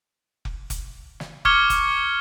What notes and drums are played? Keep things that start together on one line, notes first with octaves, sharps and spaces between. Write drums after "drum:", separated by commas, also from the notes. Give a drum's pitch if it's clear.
drum: kick F1
drum: kick F1, hi-hat
drum: snare
C#6 D6 F6 G#6 C#7 G7, drum: kick F1
drum: kick F1, hi-hat